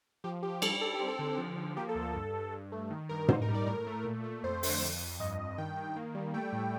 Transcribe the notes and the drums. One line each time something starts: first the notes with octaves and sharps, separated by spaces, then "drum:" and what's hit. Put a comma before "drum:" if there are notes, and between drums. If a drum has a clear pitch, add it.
F3 G4
F3 G4
G3 A4, drum: cymbal
G3 A4
G4
C4
A4
D3
F3
F3
A#3 G4
A4
D2
A4
G2
G2
G2
A3
D#3
G2 A#4
D#4 C5, drum: tom
A#4
G3
D5
A2 A#4
A3
A#2
A3
F2 C5
D3, drum: open hi-hat
F2
F2
G2 D#5
G2
D#3 G5
D#3
A#3
G3
A3 G5
A2